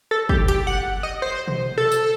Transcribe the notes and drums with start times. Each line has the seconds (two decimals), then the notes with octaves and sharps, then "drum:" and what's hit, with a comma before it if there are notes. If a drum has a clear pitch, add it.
0.11 A4
0.29 G4, drum: kick
0.48 G4, drum: hi-hat
0.67 F#5
1.03 D#5
1.22 C5
1.48 drum: tom B2
1.78 A4
1.92 drum: tambourine